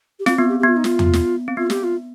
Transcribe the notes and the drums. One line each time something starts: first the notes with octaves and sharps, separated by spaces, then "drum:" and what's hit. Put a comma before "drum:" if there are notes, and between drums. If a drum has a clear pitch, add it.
G4
C4 F4, drum: snare
B3 F4
G4
G4
B3 F4
D#4
F4, drum: snare
drum: tom E2
drum: snare
C4
B3 F4
G4, drum: snare
F4